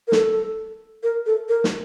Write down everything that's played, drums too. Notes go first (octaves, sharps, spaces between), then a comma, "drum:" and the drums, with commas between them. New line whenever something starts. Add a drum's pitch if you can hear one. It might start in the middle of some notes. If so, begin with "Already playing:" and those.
A#4
A4, drum: snare
A#4
A4
A#4
drum: snare